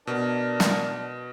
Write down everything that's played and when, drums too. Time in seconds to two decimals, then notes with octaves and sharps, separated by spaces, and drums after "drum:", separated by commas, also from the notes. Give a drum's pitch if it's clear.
0.07 B2 D4 A#4
0.60 drum: snare